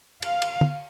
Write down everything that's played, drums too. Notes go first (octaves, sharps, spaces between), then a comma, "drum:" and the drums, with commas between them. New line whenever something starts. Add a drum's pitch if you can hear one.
F5, drum: cymbal
drum: cymbal
drum: tom